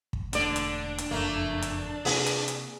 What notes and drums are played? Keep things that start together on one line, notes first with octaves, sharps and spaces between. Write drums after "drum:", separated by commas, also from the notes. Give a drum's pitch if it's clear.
drum: kick
E1 D3 A3 A#3 D4 D5, drum: hi-hat
drum: hi-hat
drum: hi-hat
F#1 F2 A#2 A3 A#3
drum: hi-hat
C3 A#3 C4 G#4, drum: open hi-hat
drum: hi-hat
drum: hi-hat